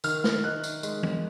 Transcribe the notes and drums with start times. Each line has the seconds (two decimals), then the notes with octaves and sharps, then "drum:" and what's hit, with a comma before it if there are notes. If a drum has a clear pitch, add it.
0.04 D#3 F6, drum: tambourine
0.24 drum: snare
0.44 D#4 F#6
0.64 drum: tambourine
0.83 G#3, drum: tambourine
1.03 drum: tom E3